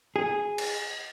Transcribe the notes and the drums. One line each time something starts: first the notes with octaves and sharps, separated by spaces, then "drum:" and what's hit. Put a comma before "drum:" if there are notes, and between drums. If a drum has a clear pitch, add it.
G#4
drum: cymbal